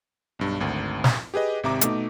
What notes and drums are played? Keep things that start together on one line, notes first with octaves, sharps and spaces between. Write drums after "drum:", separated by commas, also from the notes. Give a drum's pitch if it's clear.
B1 G2
G#1 D2
drum: snare
G4 G#4 B4 D#5
G#1 C3 E5 A#5 D6
B2 A3 D#4, drum: hi-hat